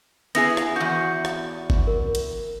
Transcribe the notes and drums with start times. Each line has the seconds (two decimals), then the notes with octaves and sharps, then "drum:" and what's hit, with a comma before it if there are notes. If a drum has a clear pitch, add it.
0.35 B3 E4 G#4 A#6, drum: cymbal
0.57 drum: rim click
0.76 E2 F#4 G6
1.25 drum: rim click
1.70 drum: kick G1
1.87 A#4
2.15 drum: cymbal